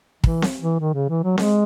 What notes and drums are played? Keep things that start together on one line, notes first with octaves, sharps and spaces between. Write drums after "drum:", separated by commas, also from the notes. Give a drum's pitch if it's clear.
E3, drum: kick
drum: snare C4
E3
D#3
C#3
E3
F#3
G#3, drum: snare C4